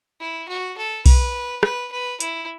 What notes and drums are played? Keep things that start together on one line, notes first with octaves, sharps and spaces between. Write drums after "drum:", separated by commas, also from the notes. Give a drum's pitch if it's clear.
E4
F#4
A4
B4, drum: kick B1, open hi-hat
B4, drum: rim click
B4
E4, drum: hi-hat